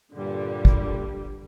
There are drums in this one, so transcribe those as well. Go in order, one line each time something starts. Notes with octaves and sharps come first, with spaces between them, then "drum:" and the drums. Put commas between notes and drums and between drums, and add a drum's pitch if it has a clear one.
G2 A#2 D3 G3
drum: kick